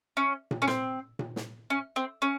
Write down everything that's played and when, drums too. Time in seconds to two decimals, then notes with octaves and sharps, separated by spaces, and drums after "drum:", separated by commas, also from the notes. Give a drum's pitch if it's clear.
0.17 C#4
0.51 drum: tom A#2
0.62 C#4
0.68 C4, drum: snare
1.19 drum: tom A#2
1.36 drum: snare
1.70 C#4
1.96 C4
2.22 C#4